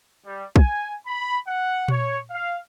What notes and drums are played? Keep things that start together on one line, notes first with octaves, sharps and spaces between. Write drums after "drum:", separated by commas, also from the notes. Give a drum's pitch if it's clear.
G3
G#5, drum: kick
B5
F#5
C#5, drum: tom A#2
F5